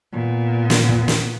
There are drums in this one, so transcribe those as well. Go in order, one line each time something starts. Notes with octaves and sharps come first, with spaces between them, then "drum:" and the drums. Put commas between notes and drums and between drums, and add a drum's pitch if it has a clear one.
A#2 B3
drum: snare
drum: kick
drum: snare